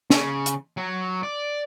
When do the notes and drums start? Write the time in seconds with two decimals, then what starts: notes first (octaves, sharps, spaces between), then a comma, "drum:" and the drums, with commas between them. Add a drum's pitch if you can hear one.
0.10 C#3, drum: snare
0.46 drum: hi-hat
0.77 F#3
1.23 D5